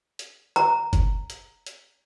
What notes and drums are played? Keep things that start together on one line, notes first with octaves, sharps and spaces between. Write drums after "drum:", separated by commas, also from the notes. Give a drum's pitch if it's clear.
drum: hi-hat
A#5, drum: hi-hat
drum: kick F#1, hi-hat
drum: hi-hat
drum: hi-hat